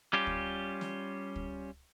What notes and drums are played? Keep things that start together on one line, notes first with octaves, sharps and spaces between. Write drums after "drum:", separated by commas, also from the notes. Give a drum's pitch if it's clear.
G3 C#4 F4 G4
drum: kick
drum: snare
drum: kick